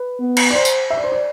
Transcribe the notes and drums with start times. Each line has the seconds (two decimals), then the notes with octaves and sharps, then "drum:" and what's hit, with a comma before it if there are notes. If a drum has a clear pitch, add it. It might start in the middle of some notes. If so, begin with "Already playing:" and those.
Already playing: B4
0.20 B3
0.37 drum: cymbal
0.50 D5
0.55 C5
0.65 drum: tambourine
0.90 E5
0.97 D5
1.04 C5
1.12 D5